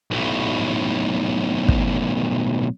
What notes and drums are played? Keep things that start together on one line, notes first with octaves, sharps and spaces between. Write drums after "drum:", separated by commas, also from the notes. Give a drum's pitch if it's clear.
B1 A2
drum: kick